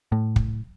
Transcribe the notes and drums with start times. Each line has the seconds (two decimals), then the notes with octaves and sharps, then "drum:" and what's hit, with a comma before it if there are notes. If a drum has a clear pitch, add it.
0.12 A2
0.36 drum: kick